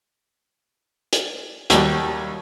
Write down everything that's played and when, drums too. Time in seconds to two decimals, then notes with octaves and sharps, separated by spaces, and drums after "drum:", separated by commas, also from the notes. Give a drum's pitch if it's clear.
1.13 drum: hi-hat
1.70 D#2 F#3 G3, drum: hi-hat